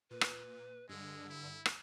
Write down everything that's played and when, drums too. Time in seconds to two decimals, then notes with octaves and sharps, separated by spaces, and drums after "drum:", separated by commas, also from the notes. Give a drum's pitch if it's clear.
0.11 A#2 B4
0.21 drum: rim click
0.89 G2 D3 G#3 E6
1.29 E4
1.66 drum: rim click